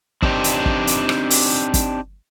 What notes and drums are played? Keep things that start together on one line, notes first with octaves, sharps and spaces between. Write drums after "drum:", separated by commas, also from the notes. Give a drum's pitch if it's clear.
C4 D4 D#4 G4, drum: kick
drum: hi-hat
drum: kick
drum: hi-hat
drum: rim click
drum: open hi-hat
drum: kick, hi-hat